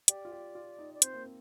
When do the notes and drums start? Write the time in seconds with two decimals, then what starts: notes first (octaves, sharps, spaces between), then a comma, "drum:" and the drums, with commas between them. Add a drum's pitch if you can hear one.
0.08 G4 D5, drum: hi-hat
0.25 F4
0.32 G4
0.55 F4
0.79 D#4
0.94 D5
1.02 C4 C5, drum: hi-hat
1.13 A#3
1.24 C4